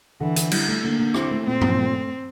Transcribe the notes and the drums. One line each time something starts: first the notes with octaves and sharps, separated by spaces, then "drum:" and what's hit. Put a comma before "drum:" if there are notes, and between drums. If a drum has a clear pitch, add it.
D3 E3
D3, drum: hi-hat
G3 E4, drum: cymbal
A3
D3 A#3
D3
C4 E4, drum: rim click
A3
A#2 C4
A#2, drum: tom G2
A3